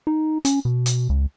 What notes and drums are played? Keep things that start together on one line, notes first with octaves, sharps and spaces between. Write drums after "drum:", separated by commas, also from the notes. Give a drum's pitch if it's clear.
D#4
C#4, drum: hi-hat
B2
drum: hi-hat
C#2